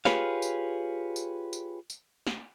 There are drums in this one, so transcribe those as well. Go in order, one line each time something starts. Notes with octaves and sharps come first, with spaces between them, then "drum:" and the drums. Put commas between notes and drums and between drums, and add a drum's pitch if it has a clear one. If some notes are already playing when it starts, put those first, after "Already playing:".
F4 G4 G#4 B4 C#5 F5, drum: snare
drum: tambourine
drum: tambourine
drum: tambourine
drum: tambourine
drum: snare